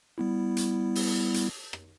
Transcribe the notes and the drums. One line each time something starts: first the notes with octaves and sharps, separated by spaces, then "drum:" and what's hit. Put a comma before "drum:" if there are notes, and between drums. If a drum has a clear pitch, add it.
G3 B3 E4
drum: hi-hat
drum: open hi-hat
drum: hi-hat
drum: rim click